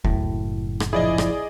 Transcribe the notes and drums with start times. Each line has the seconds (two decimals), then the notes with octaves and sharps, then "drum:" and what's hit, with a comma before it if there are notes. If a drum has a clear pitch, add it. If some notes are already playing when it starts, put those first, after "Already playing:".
0.04 F#1 A2, drum: kick D2
0.80 drum: rim click
0.93 A#1 F3 E4 G#4 D5 D#5
1.18 drum: rim click